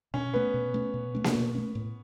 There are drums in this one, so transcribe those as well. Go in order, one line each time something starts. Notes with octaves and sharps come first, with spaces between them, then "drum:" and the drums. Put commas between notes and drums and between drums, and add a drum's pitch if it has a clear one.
B2 C#4
A3 B3 C#4
B2
A3 C#4
B2
A3 C#4
drum: snare A#3
B2
A3 C#4
A2